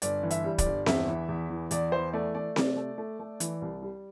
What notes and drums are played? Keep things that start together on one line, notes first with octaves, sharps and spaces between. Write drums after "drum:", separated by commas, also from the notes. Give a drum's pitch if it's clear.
G1 D5, drum: hi-hat
E3
E5, drum: hi-hat
G3
D5, drum: kick, hi-hat
G1
E2 E5, drum: snare C4
E3
E2
E3
E2 D5, drum: hi-hat
E3 C5
A3 D5
A3 D5
C3 D5, drum: snare C4
A3
A3
A3
E3, drum: hi-hat
C2
G3